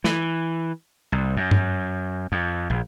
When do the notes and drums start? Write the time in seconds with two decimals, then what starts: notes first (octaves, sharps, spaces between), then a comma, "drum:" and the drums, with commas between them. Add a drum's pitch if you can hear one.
0.04 E3, drum: snare
1.12 C2
1.37 F#2
1.51 drum: tom G2
2.32 F2
2.70 A#1